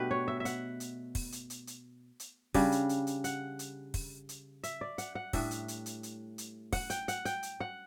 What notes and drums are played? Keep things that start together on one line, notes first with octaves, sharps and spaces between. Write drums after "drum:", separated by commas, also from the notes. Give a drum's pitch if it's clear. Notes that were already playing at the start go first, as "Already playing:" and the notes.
Already playing: B2 A3 D4 G4 B4
C#5
E5
E5
F#5, drum: hi-hat
drum: hi-hat
drum: kick, open hi-hat
drum: hi-hat
drum: hi-hat
drum: hi-hat
drum: hi-hat
C#3 G3 D4, drum: kick, open hi-hat
drum: hi-hat
drum: hi-hat
drum: hi-hat
F#5, drum: hi-hat
drum: hi-hat
drum: kick, open hi-hat
drum: hi-hat
E5, drum: hi-hat
D5
F#5, drum: hi-hat
F#5
A2 G3 D4 E5, drum: kick, open hi-hat
drum: hi-hat
drum: hi-hat
drum: hi-hat
drum: hi-hat
drum: hi-hat
F#5, drum: kick, open hi-hat
G5, drum: hi-hat
F#5, drum: hi-hat
G5, drum: hi-hat
drum: hi-hat
F#5